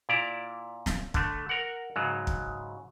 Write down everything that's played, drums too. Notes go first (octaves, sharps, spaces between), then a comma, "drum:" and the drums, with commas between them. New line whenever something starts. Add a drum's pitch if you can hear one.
A#2 E4 D5 A#5
drum: snare
D3 A3, drum: kick
A#4 F#5
G#2 C#3 F#3
drum: kick